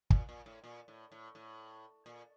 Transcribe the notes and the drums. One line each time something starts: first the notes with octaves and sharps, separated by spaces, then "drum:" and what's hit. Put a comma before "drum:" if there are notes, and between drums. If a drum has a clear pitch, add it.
A#2, drum: kick
A#2
A2
A#2
A2
A2
A2
A#2